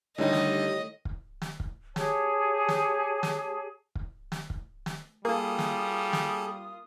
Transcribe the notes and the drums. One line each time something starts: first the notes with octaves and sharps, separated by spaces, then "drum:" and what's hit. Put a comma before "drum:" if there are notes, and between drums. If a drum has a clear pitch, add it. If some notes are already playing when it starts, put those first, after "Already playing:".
A2 D3 D#3 G3 D#4 G4 D#5
drum: snare
drum: kick
drum: snare
drum: kick
G4 G#4 C#5 A5, drum: snare
drum: snare
drum: snare
drum: kick
drum: snare
drum: kick
drum: snare
G3 A#3 F4 G#4 A4 D#6
drum: snare
drum: snare